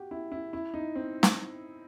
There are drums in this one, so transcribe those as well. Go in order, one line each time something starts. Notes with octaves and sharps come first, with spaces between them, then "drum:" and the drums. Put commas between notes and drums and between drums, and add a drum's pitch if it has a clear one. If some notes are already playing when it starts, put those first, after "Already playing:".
Already playing: F#4 G4
E4
E4
E4
D#4
C4
drum: snare